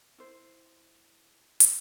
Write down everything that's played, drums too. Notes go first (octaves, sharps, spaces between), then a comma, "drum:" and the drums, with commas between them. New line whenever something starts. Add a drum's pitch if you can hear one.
E4 C5
drum: hi-hat